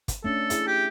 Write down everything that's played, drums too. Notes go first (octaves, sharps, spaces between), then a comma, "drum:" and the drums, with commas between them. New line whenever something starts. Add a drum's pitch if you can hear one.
drum: kick, hi-hat
A3 C#4 D4 A4
E4 G#4 E5, drum: hi-hat
G4